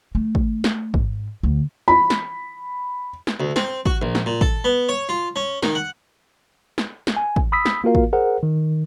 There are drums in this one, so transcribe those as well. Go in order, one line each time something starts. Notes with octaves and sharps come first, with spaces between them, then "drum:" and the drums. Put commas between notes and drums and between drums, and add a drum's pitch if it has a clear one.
A3
drum: kick
drum: snare
G#2, drum: kick
D2
B5
drum: snare
drum: snare
D2
C4, drum: snare
F#4, drum: kick
A#1
drum: snare
A#2
A4, drum: kick
B3
C#5
F4
C#4
D#3, drum: snare
F#5
drum: snare
drum: snare
G#5
drum: kick
B5 D#6 E6 B6
drum: snare
A#3 F4 F#4 A#4 F5
drum: kick
G#4 A#4 C5 F#5
D#3